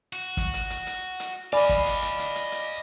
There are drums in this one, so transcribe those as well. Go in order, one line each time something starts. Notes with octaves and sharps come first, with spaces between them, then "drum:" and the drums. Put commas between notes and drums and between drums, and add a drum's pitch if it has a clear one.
F#4
drum: kick, hi-hat
drum: hi-hat
drum: hi-hat
drum: hi-hat
drum: hi-hat
D5 D#5 F5 G#5 B5 D6, drum: hi-hat
drum: kick, hi-hat
drum: hi-hat
drum: hi-hat
drum: hi-hat
drum: hi-hat
drum: hi-hat